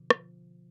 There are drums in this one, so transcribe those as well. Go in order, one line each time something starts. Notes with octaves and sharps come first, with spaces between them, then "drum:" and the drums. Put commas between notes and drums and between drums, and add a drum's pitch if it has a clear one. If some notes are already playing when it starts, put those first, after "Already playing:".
Already playing: B2 D3 F3
F3, drum: rim click